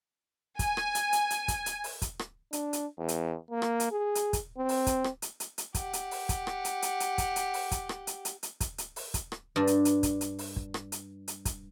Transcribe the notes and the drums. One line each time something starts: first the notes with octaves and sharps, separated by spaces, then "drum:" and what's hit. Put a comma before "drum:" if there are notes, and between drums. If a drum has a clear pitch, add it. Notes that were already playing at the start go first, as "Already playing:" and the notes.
G#5, drum: kick, hi-hat
drum: rim click
drum: hi-hat
drum: hi-hat
drum: hi-hat
drum: kick, hi-hat
drum: hi-hat
drum: open hi-hat
drum: kick, hi-hat
drum: rim click
D4, drum: hi-hat
drum: hi-hat
E2
drum: hi-hat
A#3
drum: rim click
drum: hi-hat
G#4
drum: hi-hat
drum: kick, hi-hat
C4
drum: open hi-hat
drum: kick, hi-hat
drum: rim click
drum: hi-hat
drum: hi-hat
drum: hi-hat
G4 F#5, drum: kick, hi-hat
drum: hi-hat
drum: open hi-hat
drum: kick, hi-hat
drum: rim click
drum: hi-hat
drum: hi-hat
drum: hi-hat
drum: kick, hi-hat
drum: hi-hat
drum: open hi-hat
drum: kick, hi-hat
drum: rim click
drum: hi-hat
drum: hi-hat
drum: hi-hat
drum: kick, hi-hat
drum: hi-hat
drum: open hi-hat
drum: kick, hi-hat
drum: rim click
G2 D4
drum: hi-hat
drum: hi-hat
drum: kick, hi-hat
drum: hi-hat
drum: open hi-hat
drum: kick
drum: rim click
drum: hi-hat
drum: hi-hat
drum: kick, hi-hat